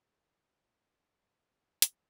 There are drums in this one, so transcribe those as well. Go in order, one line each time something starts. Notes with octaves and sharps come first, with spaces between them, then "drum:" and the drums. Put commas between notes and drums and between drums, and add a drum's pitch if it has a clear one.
C#3 A#4
D2 G2 C3 F3 G#4 C#5
D2 G#4 A#5
G2 C3 B3, drum: hi-hat